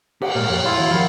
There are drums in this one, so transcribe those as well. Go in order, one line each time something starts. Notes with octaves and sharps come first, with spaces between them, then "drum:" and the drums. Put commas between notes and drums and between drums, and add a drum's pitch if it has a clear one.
G4 F#5, drum: cymbal
A#2 G#3 A#4
F2 C#5
E4 F4 C#5 F5 B5
E3 F#4
F3 A#4 F#5